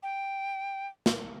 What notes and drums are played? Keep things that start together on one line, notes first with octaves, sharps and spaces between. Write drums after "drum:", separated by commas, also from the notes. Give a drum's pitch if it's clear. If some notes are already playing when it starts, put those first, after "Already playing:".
G5
drum: snare